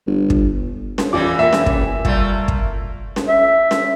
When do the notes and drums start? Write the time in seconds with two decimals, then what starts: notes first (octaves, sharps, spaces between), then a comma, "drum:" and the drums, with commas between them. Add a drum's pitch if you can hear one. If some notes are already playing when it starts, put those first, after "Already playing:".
0.07 G1
0.30 drum: kick
0.98 drum: snare C#4
1.13 E2 A#2 E3 G3 F4 D6
1.39 A#3 A#4 E5
1.53 drum: snare C#4
1.66 drum: kick
2.05 G3 A3 A#3 F4 D5, drum: kick
2.48 drum: kick
3.16 drum: snare C#4
3.28 E5
3.71 drum: snare C#4